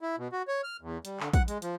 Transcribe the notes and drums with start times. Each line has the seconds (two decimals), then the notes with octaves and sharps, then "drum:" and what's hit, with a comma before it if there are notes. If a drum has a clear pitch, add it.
0.01 E4
0.18 B2
0.32 F#4
0.48 C#5
0.64 F6
0.81 E2
1.05 G3, drum: hi-hat
1.20 D3, drum: clap
1.34 F#5, drum: kick, hi-hat
1.48 G#3, drum: hi-hat
1.62 F3, drum: hi-hat